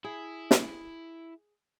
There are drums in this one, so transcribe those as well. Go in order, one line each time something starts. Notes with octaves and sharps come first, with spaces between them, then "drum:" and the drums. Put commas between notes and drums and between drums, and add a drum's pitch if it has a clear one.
E4 G#4
drum: snare